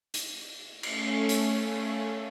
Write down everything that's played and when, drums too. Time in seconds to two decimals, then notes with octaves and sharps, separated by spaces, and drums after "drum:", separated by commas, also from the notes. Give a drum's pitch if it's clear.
0.14 drum: hi-hat
0.83 A3 C#4, drum: cymbal
1.29 drum: hi-hat